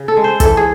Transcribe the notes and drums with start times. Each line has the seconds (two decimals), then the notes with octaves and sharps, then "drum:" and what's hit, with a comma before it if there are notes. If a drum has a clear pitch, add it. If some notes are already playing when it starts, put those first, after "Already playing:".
Already playing: C#3
0.08 A4
0.17 G#3
0.24 C5
0.40 E3 A4, drum: kick, hi-hat
0.57 G#4